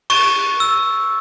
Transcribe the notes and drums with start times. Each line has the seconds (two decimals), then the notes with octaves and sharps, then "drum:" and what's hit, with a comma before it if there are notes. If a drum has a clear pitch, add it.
0.10 C#6, drum: cymbal
0.60 E6